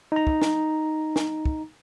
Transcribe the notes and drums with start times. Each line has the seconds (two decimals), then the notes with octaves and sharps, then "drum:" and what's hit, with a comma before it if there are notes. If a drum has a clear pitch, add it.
0.12 D#4 A#5
0.27 drum: kick
0.42 drum: snare D4
1.16 drum: snare D4
1.45 drum: kick